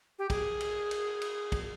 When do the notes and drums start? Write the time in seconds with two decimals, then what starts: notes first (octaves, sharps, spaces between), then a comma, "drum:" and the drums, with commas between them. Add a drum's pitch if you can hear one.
0.19 G4
0.30 G#4, drum: kick, cymbal
0.60 drum: cymbal
0.91 drum: cymbal
1.22 drum: cymbal
1.52 drum: kick, cymbal